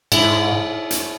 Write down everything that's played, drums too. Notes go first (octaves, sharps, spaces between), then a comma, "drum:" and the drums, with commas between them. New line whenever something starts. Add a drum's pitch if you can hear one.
G#2 E4, drum: cymbal
drum: hi-hat